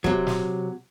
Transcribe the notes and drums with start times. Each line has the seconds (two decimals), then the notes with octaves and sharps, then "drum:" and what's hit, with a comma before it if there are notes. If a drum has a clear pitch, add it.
0.04 C3 F#3, drum: kick
0.27 drum: snare